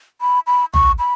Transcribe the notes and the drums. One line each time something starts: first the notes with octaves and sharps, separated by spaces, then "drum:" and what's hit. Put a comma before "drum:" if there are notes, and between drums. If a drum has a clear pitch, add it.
B5
B5
C#6, drum: tom
B5